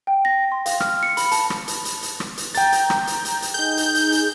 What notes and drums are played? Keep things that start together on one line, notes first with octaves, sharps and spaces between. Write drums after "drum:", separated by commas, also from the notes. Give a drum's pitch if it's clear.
G5
A#6
C6
F5, drum: hi-hat
F6, drum: rim click
C#7
B5, drum: hi-hat
A5, drum: hi-hat
drum: rim click
drum: hi-hat
drum: hi-hat
drum: hi-hat
drum: rim click
drum: hi-hat
G5 A#5 G6 A6, drum: hi-hat
drum: hi-hat
drum: rim click
drum: hi-hat
drum: hi-hat
drum: hi-hat
D#4 G#4 G6
drum: hi-hat
drum: hi-hat
drum: hi-hat